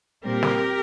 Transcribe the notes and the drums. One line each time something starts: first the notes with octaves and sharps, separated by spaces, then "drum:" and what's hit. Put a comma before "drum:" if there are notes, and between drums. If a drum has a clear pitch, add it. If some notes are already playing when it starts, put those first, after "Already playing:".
A#2 G3 C4 G4 A#4
drum: snare